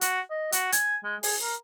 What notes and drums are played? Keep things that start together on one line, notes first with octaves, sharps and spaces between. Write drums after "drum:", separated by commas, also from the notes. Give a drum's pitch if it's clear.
F#4, drum: hi-hat
D#5
F#4, drum: hi-hat
G#5, drum: hi-hat
G#3
G#4, drum: open hi-hat
A#4